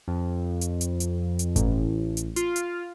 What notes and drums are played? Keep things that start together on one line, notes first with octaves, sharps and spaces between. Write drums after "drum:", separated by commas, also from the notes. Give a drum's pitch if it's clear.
F2
drum: hi-hat
drum: hi-hat
drum: hi-hat
drum: hi-hat
A1, drum: kick G1, hi-hat
drum: hi-hat
F4, drum: hi-hat
drum: hi-hat